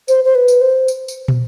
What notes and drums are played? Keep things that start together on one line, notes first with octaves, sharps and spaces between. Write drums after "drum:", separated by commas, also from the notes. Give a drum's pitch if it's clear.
C5, drum: tambourine
C5
B4
drum: tambourine
C5
drum: tambourine
drum: tambourine
drum: tom